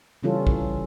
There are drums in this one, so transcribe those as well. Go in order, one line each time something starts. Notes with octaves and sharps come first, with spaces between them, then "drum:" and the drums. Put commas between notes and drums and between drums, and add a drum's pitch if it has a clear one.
C#3 E3 G3 C#4 F4 A4
drum: kick